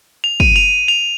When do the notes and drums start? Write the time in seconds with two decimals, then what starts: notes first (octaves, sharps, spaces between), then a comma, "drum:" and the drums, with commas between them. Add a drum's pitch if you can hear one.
0.24 F7
0.40 D#7, drum: kick
0.56 F7
0.88 F7